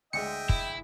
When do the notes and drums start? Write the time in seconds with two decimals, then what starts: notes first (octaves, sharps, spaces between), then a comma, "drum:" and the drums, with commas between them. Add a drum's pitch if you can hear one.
0.13 D2 G#3 D#5 E5 G5 C#7
0.49 E4, drum: kick